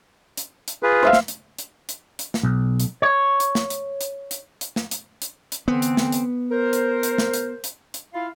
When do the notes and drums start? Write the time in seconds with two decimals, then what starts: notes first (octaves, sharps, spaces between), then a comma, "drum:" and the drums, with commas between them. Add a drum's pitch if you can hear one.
0.37 drum: hi-hat
0.68 drum: hi-hat
0.83 F4 G#4 B4
1.03 C5 E5 F5
1.13 drum: snare
1.28 drum: hi-hat
1.59 drum: hi-hat
1.89 drum: hi-hat
2.19 drum: hi-hat
2.34 drum: snare
2.43 B1
2.80 drum: hi-hat
3.02 C#5
3.40 drum: hi-hat
3.55 drum: snare
3.70 drum: hi-hat
4.01 drum: hi-hat
4.31 drum: hi-hat
4.61 drum: hi-hat
4.76 drum: snare
4.91 drum: hi-hat
5.22 drum: hi-hat
5.52 drum: hi-hat
5.68 D3 E3 B3 C4
5.82 drum: hi-hat
5.97 drum: snare
6.12 drum: hi-hat
6.51 A#4 C5
6.73 drum: hi-hat
7.03 drum: hi-hat
7.18 drum: snare
7.34 drum: hi-hat
7.64 drum: hi-hat
7.94 drum: hi-hat
8.14 E4 F4 F5